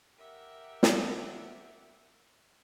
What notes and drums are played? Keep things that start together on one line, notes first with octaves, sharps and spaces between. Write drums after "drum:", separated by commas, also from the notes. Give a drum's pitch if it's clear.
G4 A#4 E5 F#5
drum: snare